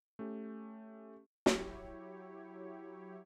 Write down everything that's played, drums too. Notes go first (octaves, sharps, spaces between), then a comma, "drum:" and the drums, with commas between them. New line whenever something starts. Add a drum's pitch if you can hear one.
A3 C#4 G4
F#3 E4 G4 C#5, drum: snare